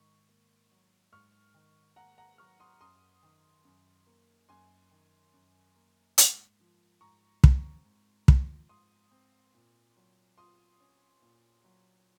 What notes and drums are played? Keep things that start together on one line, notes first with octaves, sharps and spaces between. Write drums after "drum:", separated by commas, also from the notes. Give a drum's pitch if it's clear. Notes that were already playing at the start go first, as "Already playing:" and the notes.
Already playing: G#2 D#3 C#6
A#3
F#3
G#2 C#6 F6
D#3
A#3 F#5 A#5
F#5 A#5
F#3 C#6 F6
C6 D#6
F#2 C6 D#6
D#3
F#2
A#3
F#2 G#5 C6
D#3
F#2
A#3
G#2, drum: hi-hat
F3
G#2 A#5 C#6
C4, drum: kick
G#2
F3, drum: kick
G#2 C6 D#6
C4
A#2
F#3
F4 C6 D#6
C#4
A#2
F#3